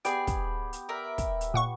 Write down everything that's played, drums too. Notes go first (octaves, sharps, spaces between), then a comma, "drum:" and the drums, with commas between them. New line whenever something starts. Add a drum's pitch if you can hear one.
B3 G4 G#4 D5, drum: hi-hat
drum: kick, hi-hat
drum: hi-hat
A#4 D5 E5
drum: kick, hi-hat
drum: hi-hat
A#2 F#5 C#6